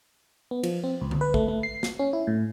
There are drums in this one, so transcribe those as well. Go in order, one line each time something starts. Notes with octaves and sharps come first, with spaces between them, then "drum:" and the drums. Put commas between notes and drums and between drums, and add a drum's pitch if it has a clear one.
B3
F3, drum: cymbal
C4
C#2
drum: tom D3
B4
A3, drum: kick A#1
A3
C7
drum: snare
C#4
E4
A2